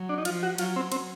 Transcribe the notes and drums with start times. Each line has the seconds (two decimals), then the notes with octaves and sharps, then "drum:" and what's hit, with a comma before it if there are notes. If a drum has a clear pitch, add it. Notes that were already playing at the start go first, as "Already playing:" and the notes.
Already playing: F#3
0.09 D4
0.18 D#4
0.25 F3 F4, drum: cymbal
0.43 F#4
0.58 F#3 F4, drum: cymbal
0.76 C4
0.92 C4, drum: cymbal